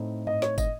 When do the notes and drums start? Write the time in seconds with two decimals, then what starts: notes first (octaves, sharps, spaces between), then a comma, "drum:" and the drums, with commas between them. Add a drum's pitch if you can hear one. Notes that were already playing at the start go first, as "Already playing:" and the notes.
Already playing: A2 A3 C4 D#4
0.27 D#5, drum: tom G2
0.42 C#5, drum: snare
0.58 D#5, drum: kick, tambourine